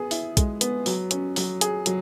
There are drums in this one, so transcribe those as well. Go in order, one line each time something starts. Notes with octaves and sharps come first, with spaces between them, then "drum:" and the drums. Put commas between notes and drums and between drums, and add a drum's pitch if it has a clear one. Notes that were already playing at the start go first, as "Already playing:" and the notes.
Already playing: B3 G#4
E4, drum: open hi-hat
G#3, drum: kick, hi-hat
B3, drum: hi-hat
F#3, drum: open hi-hat
C#4, drum: hi-hat
F#3, drum: open hi-hat
G#4, drum: hi-hat
F#3, drum: hi-hat